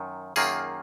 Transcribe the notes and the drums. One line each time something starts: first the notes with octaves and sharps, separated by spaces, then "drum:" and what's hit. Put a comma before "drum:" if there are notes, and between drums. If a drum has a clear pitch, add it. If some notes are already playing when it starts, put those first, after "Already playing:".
Already playing: F#2 D#3
F#2 D#3 A#3 F4 G#4, drum: tambourine